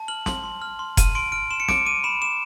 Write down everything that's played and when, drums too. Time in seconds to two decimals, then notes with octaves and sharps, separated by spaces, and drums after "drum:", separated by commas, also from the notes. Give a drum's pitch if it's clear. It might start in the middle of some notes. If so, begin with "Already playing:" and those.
Already playing: A5
0.08 F6 F#7
0.26 C6 F#7, drum: snare
0.43 C6
0.62 F6
0.79 C6
0.97 F6 D#7, drum: kick F1, hi-hat
1.15 C6 D7
1.32 F6 D7
1.51 C6 E7
1.60 C#7
1.69 D6 D7, drum: snare
1.86 D6 D#7
2.04 B5 E7
2.21 D6 E7